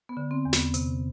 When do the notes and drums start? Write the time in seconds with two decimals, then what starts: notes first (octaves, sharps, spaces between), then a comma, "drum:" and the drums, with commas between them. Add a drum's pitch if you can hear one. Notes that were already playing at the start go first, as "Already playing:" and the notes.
0.09 B3
0.17 D3
0.31 C4
0.45 E2
0.53 B3, drum: snare
0.74 C3, drum: hi-hat